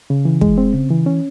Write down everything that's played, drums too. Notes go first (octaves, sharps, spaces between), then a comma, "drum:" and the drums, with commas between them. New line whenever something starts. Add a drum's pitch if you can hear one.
C#3
E3
G#3, drum: kick
C4
C#3
E3
C#4